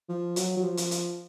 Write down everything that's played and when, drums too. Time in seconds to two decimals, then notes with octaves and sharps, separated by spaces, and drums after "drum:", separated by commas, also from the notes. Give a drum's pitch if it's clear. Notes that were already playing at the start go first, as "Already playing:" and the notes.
0.09 F3
0.36 F#3, drum: hi-hat
0.57 F#3
0.63 F3
0.77 drum: hi-hat
0.91 drum: hi-hat